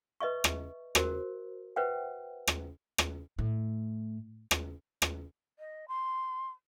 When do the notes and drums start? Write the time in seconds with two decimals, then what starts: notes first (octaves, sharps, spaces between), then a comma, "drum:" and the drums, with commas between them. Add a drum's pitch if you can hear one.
0.21 B4 D#5 E5 C#6
0.44 drum: rim click
0.95 F#4 A#4 C5, drum: rim click
1.76 B4 C5 E5 F#5 G5
2.47 drum: rim click
2.98 drum: rim click
3.39 A2
4.51 drum: rim click
5.02 drum: rim click
5.59 D#5
5.88 C6